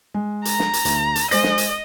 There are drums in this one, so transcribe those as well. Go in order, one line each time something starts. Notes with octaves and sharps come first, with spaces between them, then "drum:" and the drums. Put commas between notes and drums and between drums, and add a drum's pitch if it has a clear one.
G#3
A#5, drum: hi-hat
drum: snare
drum: hi-hat
D2, drum: hi-hat
drum: hi-hat
G#3 C5 D#5 A#6, drum: hi-hat
drum: snare
drum: hi-hat